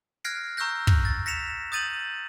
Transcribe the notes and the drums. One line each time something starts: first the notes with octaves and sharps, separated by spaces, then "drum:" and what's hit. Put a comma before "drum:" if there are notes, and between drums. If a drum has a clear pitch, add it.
F6 F#6 G#6 A#6 C7 D7
A#5 C#6 E6 F#6 G6 A#6
drum: kick
A6
A#6 B6 C#7 E7 F7
D#6 G6 A6 D#7 F7 F#7